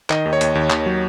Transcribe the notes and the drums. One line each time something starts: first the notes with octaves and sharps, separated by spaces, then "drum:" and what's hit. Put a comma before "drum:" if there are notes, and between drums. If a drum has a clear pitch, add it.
D#3 D#5, drum: clap
D#2
C#5
D#2, drum: hi-hat
D#2
D#2, drum: clap
F#3